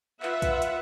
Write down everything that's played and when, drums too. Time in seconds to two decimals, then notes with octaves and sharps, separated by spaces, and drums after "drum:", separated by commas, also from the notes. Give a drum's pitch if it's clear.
0.23 F4 B4 E5 F#5, drum: clap
0.42 drum: kick, hi-hat
0.62 drum: hi-hat